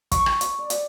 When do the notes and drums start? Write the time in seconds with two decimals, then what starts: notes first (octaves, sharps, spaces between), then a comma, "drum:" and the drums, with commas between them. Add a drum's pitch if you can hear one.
0.12 C#6, drum: kick, hi-hat
0.26 drum: rim click
0.41 drum: hi-hat
0.59 D5
0.70 drum: hi-hat